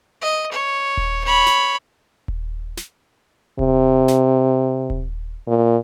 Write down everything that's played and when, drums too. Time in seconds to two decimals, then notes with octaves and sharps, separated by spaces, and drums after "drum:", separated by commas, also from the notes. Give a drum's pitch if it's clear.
0.22 D#5
0.52 C#5
0.97 drum: kick D#1
1.24 C#5 B5
1.46 drum: snare
2.28 drum: kick D#1
2.77 drum: snare
3.59 C3, drum: kick D#1
4.08 drum: snare
4.90 drum: kick D#1
5.48 A#2